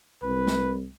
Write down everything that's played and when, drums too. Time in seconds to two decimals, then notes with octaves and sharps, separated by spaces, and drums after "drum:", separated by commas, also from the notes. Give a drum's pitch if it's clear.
0.23 C2 B4
0.47 drum: snare